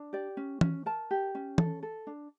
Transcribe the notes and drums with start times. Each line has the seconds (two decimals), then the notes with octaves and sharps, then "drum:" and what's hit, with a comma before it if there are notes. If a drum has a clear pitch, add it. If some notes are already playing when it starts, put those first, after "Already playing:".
Already playing: D4
0.13 G4 D5
0.37 C#4
0.61 C#4, drum: tom E3
0.86 A#4 A5
1.11 G4
1.35 C#4
1.58 A4, drum: tom E3
1.83 A4
2.07 D4